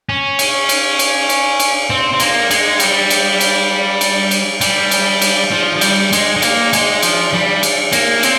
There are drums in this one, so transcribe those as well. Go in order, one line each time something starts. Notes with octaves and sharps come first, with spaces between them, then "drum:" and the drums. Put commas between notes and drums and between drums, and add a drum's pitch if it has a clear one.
C#4
drum: cymbal
drum: cymbal
drum: cymbal
drum: cymbal
drum: cymbal
C4
C4
A#3, drum: cymbal
G#3, drum: cymbal
G3, drum: cymbal
drum: cymbal
drum: cymbal
drum: cymbal
drum: cymbal
G3, drum: cymbal
drum: cymbal
drum: cymbal
F3
F3
G3, drum: cymbal
G#3, drum: cymbal
G#3
A#3, drum: cymbal
G#3, drum: cymbal
F3, drum: cymbal
G3
drum: cymbal
A#3, drum: cymbal
C4, drum: cymbal